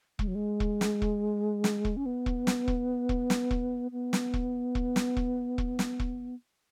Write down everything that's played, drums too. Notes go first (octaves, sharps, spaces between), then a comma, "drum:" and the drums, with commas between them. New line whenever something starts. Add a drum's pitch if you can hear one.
G#3, drum: kick E1
F#3
G#3
drum: kick E1
drum: snare
drum: kick E1
drum: snare
drum: kick E1
C#4
B3
drum: kick E1
drum: snare
drum: kick E1
drum: kick E1
drum: snare
drum: kick E1
B3
drum: snare
drum: kick E1
drum: kick E1
drum: snare
drum: kick E1
drum: kick E1
drum: snare
drum: kick E1